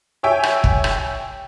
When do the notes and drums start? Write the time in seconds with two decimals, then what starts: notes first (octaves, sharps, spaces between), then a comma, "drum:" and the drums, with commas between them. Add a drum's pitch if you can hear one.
0.23 G4 C#5 E5 G5 G#5
0.43 drum: rim click
0.64 drum: kick
0.84 drum: rim click